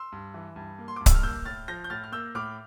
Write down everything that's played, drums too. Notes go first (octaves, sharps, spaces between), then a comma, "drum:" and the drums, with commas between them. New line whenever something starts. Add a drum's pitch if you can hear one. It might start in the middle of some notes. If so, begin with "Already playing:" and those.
Already playing: C6 E6
G2
E3
G2
A#3
C6
D6
G2
E6, drum: kick C#1, hi-hat
F6
A#3 E6 G6
A2 F6 A6
F3 G6 A#6
G6
A2 F6 A6
F6
A#3 E6 G6
A2 D6 F6